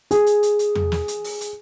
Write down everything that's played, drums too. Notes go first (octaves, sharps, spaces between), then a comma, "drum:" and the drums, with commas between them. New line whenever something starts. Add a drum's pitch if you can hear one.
G#4, drum: hi-hat
drum: hi-hat
drum: hi-hat
drum: hi-hat
drum: tom E2
drum: snare
drum: hi-hat
drum: open hi-hat
drum: hi-hat